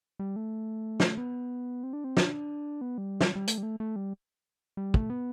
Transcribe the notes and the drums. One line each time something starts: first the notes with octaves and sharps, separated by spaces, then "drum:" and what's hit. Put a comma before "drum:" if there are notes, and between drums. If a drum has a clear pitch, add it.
G3
A3
drum: snare
B3
C4
D4
C4
D4, drum: snare
B3
G3
drum: snare
G3
A3, drum: hi-hat
G3
A3
A3
G3
G3
A3, drum: kick
B3